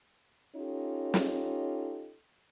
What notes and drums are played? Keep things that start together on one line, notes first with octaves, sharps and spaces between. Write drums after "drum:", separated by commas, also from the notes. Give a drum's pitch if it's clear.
C#4 D#4 F4 G4 A4
drum: snare